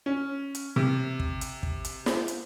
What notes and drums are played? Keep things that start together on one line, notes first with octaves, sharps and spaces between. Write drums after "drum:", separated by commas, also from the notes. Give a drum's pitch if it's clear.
C#4
drum: hi-hat
C3
drum: kick
drum: hi-hat
drum: kick
drum: hi-hat
drum: snare
drum: hi-hat